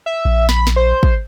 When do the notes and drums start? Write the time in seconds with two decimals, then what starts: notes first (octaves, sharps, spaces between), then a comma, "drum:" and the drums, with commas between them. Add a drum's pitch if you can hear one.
0.06 E5
0.25 A#1
0.49 B5, drum: snare
0.67 drum: snare
0.76 C5
1.03 drum: kick